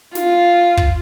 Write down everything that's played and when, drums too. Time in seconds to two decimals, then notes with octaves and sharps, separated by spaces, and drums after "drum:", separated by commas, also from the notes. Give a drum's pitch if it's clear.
0.15 F4, drum: snare
0.77 drum: kick